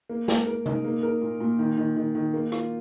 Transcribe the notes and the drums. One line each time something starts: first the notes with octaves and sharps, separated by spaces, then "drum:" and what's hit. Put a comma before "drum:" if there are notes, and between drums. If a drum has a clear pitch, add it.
A#3
A#3, drum: snare
A#4
D#4, drum: tom C3
A#3
A#4
A#2
A#2
D#3
D#3
D#3
D#3
A#3
F4, drum: rim click